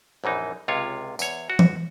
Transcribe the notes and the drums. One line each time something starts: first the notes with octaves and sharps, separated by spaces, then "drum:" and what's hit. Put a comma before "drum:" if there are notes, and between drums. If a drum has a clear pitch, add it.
A#1 F#2 E3 D#4
C#2 C3 F4 C#5
E2 C#5, drum: tambourine
F#4
drum: tom E3